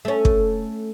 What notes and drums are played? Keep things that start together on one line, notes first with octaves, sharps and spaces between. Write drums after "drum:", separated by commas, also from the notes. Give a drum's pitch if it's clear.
A3 C#4
drum: kick